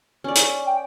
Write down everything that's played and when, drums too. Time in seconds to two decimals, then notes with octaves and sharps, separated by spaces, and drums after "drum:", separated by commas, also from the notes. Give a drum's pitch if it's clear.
0.24 C#4 D5
0.36 drum: hi-hat
0.66 G5